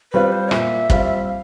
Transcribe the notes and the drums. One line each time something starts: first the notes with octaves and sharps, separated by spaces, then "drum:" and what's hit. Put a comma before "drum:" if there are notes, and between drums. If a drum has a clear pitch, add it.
G3 C4 F4 B4
C5
A#2 E5, drum: rim click
G3 C4 F4, drum: kick
F5